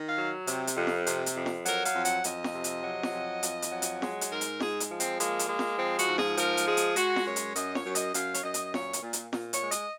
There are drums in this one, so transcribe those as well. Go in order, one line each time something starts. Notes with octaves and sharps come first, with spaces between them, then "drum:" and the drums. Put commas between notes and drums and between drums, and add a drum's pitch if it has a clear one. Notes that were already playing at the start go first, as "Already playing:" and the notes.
Already playing: D#3
F5
F#3
C3, drum: hi-hat
drum: hi-hat
F2
drum: snare F4
C3, drum: hi-hat
drum: hi-hat
F2
drum: snare F4
F#3 A#4, drum: hi-hat
F5, drum: hi-hat
F2
F#5, drum: hi-hat
F2 D#5, drum: hi-hat
drum: snare F4
C3
drum: hi-hat
F#3
drum: snare F4
F2
F2, drum: hi-hat
drum: hi-hat
F#3
drum: hi-hat
G#3, drum: snare F4
drum: hi-hat
G#2 A#4
drum: hi-hat
G#3 G#4, drum: snare F4
drum: hi-hat
F3
C4, drum: hi-hat
G#3 A#3, drum: hi-hat
drum: hi-hat
G#3
drum: snare F4
F3 C4
F#4, drum: hi-hat
G#2
G#4, drum: snare F4
F3 A#4, drum: hi-hat
drum: hi-hat
G#3 G#4
drum: hi-hat
G#3 F#4, drum: hi-hat
drum: snare F4
F#2 C#5
drum: hi-hat
F#2 D#5, drum: hi-hat
C#5, drum: snare F4
F#2
D#5, drum: hi-hat
F#2 F5, drum: hi-hat
C#5, drum: hi-hat
F#2 D#5
drum: hi-hat
A#2 C#5, drum: snare F4
drum: hi-hat
A#2
drum: hi-hat
A#2, drum: snare F4
C#5, drum: hi-hat
G#3
D#5, drum: hi-hat